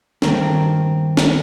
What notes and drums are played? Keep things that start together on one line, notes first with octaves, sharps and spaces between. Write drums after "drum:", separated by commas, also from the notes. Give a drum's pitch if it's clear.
G2 D#3 A#3 C4, drum: snare
drum: snare